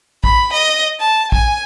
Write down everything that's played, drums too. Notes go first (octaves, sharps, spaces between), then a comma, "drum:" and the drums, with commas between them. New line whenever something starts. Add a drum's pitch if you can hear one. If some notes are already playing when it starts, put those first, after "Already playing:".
B5, drum: kick
D#5
A5
G#5, drum: kick